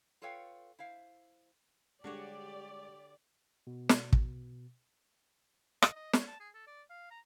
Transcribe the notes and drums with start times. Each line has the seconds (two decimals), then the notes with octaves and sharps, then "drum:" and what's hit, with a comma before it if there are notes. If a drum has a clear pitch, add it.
0.22 F4 A4 B4 C#5 F5 G5
0.79 E4 C5 F5
2.04 D3 G3 G#3 F#4 G4 A4 C#5 D5
3.67 B2
3.89 drum: snare
4.13 drum: kick
5.82 D#5, drum: rim click
5.96 D#5
6.13 C#5, drum: snare
6.27 A5
6.40 G#4
6.55 A4
6.67 D5
6.90 F5
7.11 A#5